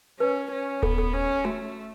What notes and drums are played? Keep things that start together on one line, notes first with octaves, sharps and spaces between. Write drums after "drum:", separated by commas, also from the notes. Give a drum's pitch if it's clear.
C#4 B4
C#4
B3 A4, drum: kick D#1
A4
C#4
A3 F#4